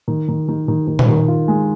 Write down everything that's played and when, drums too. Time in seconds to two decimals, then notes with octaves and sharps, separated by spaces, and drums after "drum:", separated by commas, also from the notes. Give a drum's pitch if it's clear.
0.08 D#3
0.28 D#3
0.48 D#3
0.68 D#3
0.87 D#3
0.99 drum: tom A#2
1.08 D#3
1.28 F4
1.48 G#3